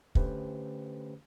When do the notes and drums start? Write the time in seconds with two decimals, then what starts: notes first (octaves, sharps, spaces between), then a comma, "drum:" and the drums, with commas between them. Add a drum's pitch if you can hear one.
0.15 D3 A3 C#4 G4 B4 C5, drum: kick